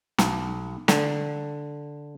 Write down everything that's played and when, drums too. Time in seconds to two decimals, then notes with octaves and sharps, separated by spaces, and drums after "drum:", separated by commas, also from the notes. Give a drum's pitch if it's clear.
0.18 B1, drum: snare
0.88 D3, drum: snare